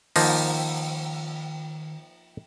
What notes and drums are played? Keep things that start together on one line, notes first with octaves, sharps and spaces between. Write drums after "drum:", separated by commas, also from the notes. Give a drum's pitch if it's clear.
D#3 F3 A#3 D#4, drum: open hi-hat